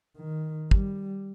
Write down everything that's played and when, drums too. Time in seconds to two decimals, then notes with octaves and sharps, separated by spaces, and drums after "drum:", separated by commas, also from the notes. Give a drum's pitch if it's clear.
0.18 D#3
0.71 G3, drum: kick